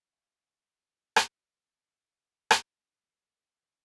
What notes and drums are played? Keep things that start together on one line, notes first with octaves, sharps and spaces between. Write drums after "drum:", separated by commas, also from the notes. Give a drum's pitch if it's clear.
E5 F5 G#5 C#6
drum: rim click
drum: rim click
A#2 A3 A#3
D3 B3 C4
C#4